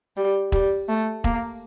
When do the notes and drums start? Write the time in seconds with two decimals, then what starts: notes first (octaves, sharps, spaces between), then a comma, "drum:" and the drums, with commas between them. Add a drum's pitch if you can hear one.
0.17 G3
0.52 G3, drum: kick E1
0.88 A3
1.24 A#3, drum: kick E1